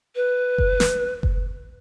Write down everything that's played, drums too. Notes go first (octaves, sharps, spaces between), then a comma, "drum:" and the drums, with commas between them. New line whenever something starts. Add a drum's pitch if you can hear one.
B4
drum: kick F#1
drum: snare
drum: kick F#1